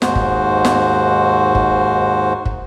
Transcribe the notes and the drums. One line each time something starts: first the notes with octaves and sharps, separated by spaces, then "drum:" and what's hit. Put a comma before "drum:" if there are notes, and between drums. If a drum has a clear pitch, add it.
D#2 G#2 F#4 C5, drum: snare
drum: kick
drum: snare
drum: kick
drum: kick